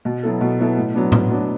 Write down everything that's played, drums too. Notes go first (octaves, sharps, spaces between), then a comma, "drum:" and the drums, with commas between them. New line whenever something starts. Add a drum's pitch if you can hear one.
B2
F#3 B3 E4 A4
B2
F#3 B3 E4 A4
A2
F#3 B3 D4
A2, drum: tom A2
F#3 B3 D4